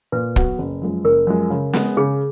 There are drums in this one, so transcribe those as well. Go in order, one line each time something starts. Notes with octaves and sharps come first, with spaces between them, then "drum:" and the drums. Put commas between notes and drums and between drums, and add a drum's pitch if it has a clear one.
A#2 B4
F#3 B3 F#4, drum: kick
F#1
F#2 F3 G#3
F#1 A#4
F#2 F3 G#3
C#3
G#3 B3, drum: snare
C#3 G#4